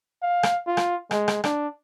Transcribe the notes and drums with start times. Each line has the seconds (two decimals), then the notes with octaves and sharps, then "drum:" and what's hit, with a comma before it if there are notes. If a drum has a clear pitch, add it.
0.22 F5
0.43 drum: rim click
0.67 F4
0.77 drum: rim click
1.11 G#3, drum: rim click
1.28 drum: rim click
1.44 D4, drum: rim click